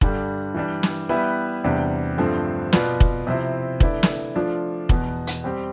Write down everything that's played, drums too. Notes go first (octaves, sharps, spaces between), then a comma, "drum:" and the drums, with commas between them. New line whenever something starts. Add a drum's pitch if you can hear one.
G2 D3 G3, drum: kick
E3 G3 D4
drum: snare
G3 B3 E4 B4 E5
E2 C3 G3 D4
G2 D3 F3 A3 C4
B2 B3 F4 B4 D5, drum: snare
drum: kick
C3 F3 C4 E4
D3 A3 E4 B4 D5, drum: kick
drum: snare
F3 A3 D4 F4
E2 B2 B3, drum: kick
drum: hi-hat
G3 C4 G4